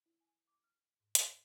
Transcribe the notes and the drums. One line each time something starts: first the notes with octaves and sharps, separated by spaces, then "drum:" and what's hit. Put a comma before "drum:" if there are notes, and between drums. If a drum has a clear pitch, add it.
E4
G#5
D6
F6
G#2
F6, drum: hi-hat